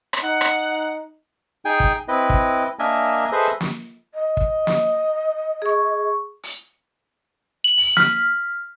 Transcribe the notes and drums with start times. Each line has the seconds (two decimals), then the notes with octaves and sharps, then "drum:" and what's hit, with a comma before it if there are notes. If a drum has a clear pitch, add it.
0.13 drum: rim click
0.23 D#4 F#5
0.41 drum: rim click
1.65 D#4 G#4 G5 G#5
1.80 drum: kick
2.08 C4 E4 B4 D#5
2.30 drum: kick
2.79 A#3 D4 A#4 D#5 E5 G#5
3.32 G#4 A4 B4 C5 D#5 E5
3.61 drum: snare
4.13 D#5
4.37 drum: kick
4.67 drum: snare
5.62 G#4 C#6
6.43 drum: hi-hat
7.64 F#7
7.78 drum: open hi-hat
7.97 F6, drum: snare